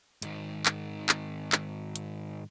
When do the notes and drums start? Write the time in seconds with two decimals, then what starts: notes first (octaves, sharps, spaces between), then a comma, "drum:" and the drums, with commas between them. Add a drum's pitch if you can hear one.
0.22 G#2 D#3, drum: hi-hat
0.66 drum: clap
1.09 drum: clap
1.52 drum: clap
1.96 drum: hi-hat